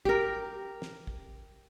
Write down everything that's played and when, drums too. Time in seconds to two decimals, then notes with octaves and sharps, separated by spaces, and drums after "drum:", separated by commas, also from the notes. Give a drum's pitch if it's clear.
0.05 G4 A#4, drum: kick
0.82 drum: snare
1.07 drum: kick